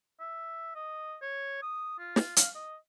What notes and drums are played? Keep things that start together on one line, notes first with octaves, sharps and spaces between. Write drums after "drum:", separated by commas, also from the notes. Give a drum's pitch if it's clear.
E5
D#5
C#5
D#6
F4
drum: snare
F5, drum: hi-hat
D#5